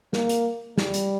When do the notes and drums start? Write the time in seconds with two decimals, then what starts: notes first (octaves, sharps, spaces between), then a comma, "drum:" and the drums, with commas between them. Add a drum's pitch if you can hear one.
0.13 A#3, drum: snare
0.29 drum: hi-hat
0.78 G3, drum: snare
0.94 drum: hi-hat